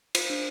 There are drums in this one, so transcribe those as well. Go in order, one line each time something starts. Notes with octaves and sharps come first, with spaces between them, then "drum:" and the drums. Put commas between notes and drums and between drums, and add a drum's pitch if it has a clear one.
F4 C5, drum: cymbal
D4